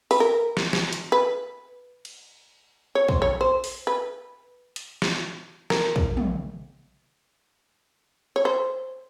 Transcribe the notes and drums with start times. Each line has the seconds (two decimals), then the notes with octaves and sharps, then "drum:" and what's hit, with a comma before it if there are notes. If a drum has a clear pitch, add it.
0.11 B4, drum: open hi-hat
0.20 A#4
0.57 drum: snare
0.73 drum: snare
0.93 drum: hi-hat
1.12 B4
2.05 drum: cymbal
2.95 C#5
3.08 C5, drum: kick
3.22 C#5
3.41 C5
3.64 drum: open hi-hat
3.87 B4
4.76 drum: hi-hat
5.02 drum: snare
5.70 A#4, drum: snare
5.96 drum: kick
6.17 drum: tom
8.36 C#5
8.45 C5